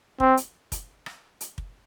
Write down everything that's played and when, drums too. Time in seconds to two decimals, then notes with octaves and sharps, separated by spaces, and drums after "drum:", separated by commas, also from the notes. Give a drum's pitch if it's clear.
0.20 C4, drum: kick
0.37 drum: hi-hat
0.72 drum: kick, hi-hat
1.06 drum: rim click
1.41 drum: hi-hat
1.58 drum: kick